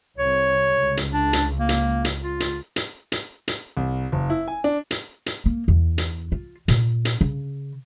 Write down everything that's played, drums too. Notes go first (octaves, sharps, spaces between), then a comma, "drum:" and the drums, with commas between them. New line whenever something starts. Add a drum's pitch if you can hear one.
C2 C3 C#5
C#2
drum: hi-hat
D4
drum: hi-hat
A#3
drum: hi-hat
drum: hi-hat
F4
drum: hi-hat
drum: hi-hat
drum: hi-hat
drum: hi-hat
C2
F#1
E4
G#5
D4
drum: hi-hat
drum: hi-hat
A#3
E2
drum: hi-hat
F4
A#2, drum: hi-hat
drum: hi-hat
C#3